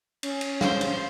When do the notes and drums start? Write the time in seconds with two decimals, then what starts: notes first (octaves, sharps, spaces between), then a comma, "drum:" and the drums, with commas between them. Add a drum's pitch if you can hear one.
0.23 C#4, drum: cymbal
0.41 drum: cymbal
0.61 C5 F5, drum: snare
0.81 drum: cymbal